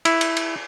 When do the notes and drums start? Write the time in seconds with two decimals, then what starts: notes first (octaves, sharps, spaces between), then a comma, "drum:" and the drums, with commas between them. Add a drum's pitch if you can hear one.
0.05 E4, drum: cymbal
0.21 drum: cymbal
0.37 drum: cymbal